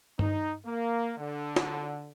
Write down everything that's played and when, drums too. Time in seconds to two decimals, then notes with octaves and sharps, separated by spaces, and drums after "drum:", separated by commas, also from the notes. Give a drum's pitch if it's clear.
0.19 D#4, drum: tom G2
0.66 A#3
1.19 D3
1.56 drum: snare